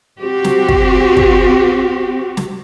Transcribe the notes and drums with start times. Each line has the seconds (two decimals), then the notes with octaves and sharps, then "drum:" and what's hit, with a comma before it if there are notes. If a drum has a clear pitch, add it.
0.20 C4 F#4 G4
0.44 drum: snare
0.68 drum: kick
1.17 drum: kick
2.37 drum: snare